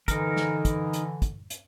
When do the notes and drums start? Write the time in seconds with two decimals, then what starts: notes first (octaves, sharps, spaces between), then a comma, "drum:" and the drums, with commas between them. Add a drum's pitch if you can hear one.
0.08 D3 E3 D#4 A#4, drum: kick, hi-hat
0.36 drum: snare
0.65 drum: kick, hi-hat
0.93 drum: hi-hat
1.22 drum: kick, hi-hat
1.50 drum: hi-hat